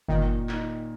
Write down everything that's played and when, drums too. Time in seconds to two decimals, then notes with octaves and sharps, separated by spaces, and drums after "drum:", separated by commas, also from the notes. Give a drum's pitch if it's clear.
0.08 A#2 D#3, drum: kick F#1
0.49 D#4, drum: clap